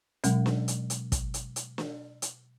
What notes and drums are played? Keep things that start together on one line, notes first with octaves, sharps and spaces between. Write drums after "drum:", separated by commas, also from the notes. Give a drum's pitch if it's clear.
B2 F#3 G#3 C#4, drum: hi-hat
drum: snare
drum: hi-hat
drum: hi-hat
drum: kick, hi-hat
drum: hi-hat
drum: hi-hat
drum: snare
drum: hi-hat